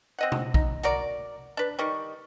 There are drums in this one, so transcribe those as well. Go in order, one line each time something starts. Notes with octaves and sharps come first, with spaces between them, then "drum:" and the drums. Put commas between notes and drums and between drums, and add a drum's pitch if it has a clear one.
C4 D#5 F#5
drum: tom B2
D#4, drum: kick
F#4 A#4 D5, drum: hi-hat
D4 B4
D#3 G3 C#6